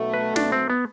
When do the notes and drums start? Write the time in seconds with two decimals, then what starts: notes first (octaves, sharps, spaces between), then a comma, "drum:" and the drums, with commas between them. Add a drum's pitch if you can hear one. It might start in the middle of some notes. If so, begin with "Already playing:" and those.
Already playing: B1 B2 F#3 A3
0.14 B4
0.36 D4, drum: snare
0.52 C4
0.70 B3